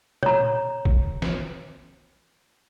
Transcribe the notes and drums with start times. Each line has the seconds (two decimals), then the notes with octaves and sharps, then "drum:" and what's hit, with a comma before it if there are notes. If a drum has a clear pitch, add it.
0.23 C#5 A#5, drum: tom A#2
0.85 drum: kick
1.22 drum: snare